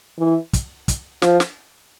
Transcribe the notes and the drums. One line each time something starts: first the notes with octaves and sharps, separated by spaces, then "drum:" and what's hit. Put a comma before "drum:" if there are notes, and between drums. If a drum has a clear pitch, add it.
E3
drum: kick, hi-hat
drum: kick, hi-hat
F3, drum: snare
drum: snare